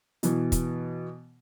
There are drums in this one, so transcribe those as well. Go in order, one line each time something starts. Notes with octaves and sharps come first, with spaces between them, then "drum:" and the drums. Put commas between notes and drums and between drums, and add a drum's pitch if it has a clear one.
B2 E3, drum: hi-hat
drum: kick, hi-hat